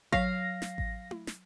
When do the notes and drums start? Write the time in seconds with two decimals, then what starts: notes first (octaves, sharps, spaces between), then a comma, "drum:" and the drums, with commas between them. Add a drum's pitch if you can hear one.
0.12 F#3 F5 A#6, drum: kick A1
0.62 drum: snare
0.78 drum: kick A1
1.11 drum: tom E4
1.27 drum: snare